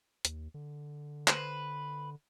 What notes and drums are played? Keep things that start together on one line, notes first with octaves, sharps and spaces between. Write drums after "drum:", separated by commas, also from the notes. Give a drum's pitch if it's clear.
D#2, drum: hi-hat
D3
B4 C5, drum: clap